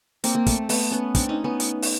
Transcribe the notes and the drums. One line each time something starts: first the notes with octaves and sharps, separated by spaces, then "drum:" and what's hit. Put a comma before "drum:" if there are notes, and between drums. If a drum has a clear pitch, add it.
A#3 C4, drum: hi-hat
A#3
A3, drum: kick, hi-hat
A3 B3, drum: open hi-hat
B3 C#4
C4 D4, drum: kick, hi-hat
C#4 D#4
B3 C#4
drum: hi-hat
drum: open hi-hat